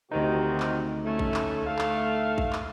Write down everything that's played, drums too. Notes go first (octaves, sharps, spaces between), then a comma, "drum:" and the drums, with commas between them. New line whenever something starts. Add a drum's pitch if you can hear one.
D2 C3 D#3 D#4 F#4
drum: clap
A3 C#4
drum: kick A#1
drum: clap
A3 F5
drum: clap
drum: kick A#1
drum: clap